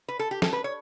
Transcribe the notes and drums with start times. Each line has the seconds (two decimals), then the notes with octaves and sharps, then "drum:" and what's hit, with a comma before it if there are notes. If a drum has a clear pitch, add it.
0.08 B4
0.19 A4
0.31 G4
0.42 A4, drum: snare
0.53 B4
0.64 C#5